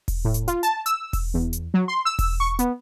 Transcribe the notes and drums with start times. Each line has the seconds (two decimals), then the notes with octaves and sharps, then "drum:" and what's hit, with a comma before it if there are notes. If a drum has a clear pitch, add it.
0.08 drum: kick E1, open hi-hat
0.25 A2
0.34 drum: hi-hat
0.48 F4, drum: hi-hat
0.63 A5, drum: hi-hat
0.86 E6, drum: hi-hat
1.13 drum: kick E1, open hi-hat
1.34 E2
1.53 drum: hi-hat
1.74 F#3
1.88 C6
2.05 E6
2.19 drum: kick E1, open hi-hat
2.40 C#6
2.59 B3, drum: hi-hat